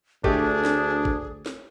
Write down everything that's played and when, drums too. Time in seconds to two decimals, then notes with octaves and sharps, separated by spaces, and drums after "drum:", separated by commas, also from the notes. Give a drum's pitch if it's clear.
0.24 D2 A3 D4 G4 G#4, drum: kick
0.65 drum: snare
1.05 drum: kick
1.46 drum: snare